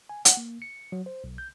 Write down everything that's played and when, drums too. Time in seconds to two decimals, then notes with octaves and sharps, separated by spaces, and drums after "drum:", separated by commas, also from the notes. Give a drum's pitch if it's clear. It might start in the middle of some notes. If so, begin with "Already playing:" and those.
0.09 G#5
0.25 F#5, drum: hi-hat
0.37 A#3
0.62 C#7
0.92 F#3
1.06 C5
1.24 B1
1.38 G6